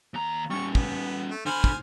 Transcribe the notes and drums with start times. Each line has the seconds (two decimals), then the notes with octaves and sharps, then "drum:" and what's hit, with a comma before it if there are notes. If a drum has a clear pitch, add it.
0.14 D#2 A#5
0.50 G3 C#4 C#6
0.75 B3, drum: kick
1.31 A3
1.46 D3 C5 G#5 B5 F6
1.64 drum: kick